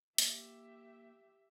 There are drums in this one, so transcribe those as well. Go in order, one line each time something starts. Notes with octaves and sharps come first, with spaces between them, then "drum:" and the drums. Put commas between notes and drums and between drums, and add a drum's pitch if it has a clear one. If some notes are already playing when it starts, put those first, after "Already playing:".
A#3 G4 E5, drum: hi-hat